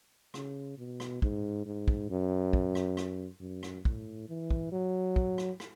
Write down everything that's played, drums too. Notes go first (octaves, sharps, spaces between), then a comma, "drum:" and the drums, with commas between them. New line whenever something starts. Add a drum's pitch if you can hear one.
C#3, drum: rim click
B2
drum: rim click
G#2, drum: kick
G#2
drum: kick
F#2
drum: kick
drum: rim click
drum: rim click
F#2
drum: rim click
A2, drum: kick
E3
drum: kick
F#3
drum: kick
drum: rim click
drum: rim click